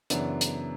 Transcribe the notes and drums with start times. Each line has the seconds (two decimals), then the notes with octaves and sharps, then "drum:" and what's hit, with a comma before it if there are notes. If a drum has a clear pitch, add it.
0.10 F#2 C#3 E3 B3 D4, drum: hi-hat
0.41 drum: hi-hat